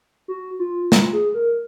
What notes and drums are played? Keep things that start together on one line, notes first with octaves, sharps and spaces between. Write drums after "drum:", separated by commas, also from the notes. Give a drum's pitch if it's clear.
F#4
F4
F4, drum: snare
G#4
A#4